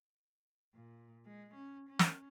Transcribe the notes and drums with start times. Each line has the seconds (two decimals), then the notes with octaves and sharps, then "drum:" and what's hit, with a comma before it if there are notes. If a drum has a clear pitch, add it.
0.75 A#2
1.26 G#3
1.55 C#4
1.90 C#4
1.99 drum: snare